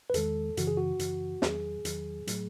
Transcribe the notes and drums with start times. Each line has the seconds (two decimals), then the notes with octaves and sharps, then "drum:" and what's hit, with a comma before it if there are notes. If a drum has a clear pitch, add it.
0.10 B4
0.14 E2 D#3 G#3 A4, drum: hi-hat
0.57 F#2 C#3 E3 F#4, drum: hi-hat
0.67 G#4
0.77 F#4
0.99 F#2 C#3 E3, drum: hi-hat
1.42 E2 D#3 F#3 G#4, drum: snare
1.85 E2 D#3 F#3, drum: hi-hat
2.27 A2 F#3 A3, drum: hi-hat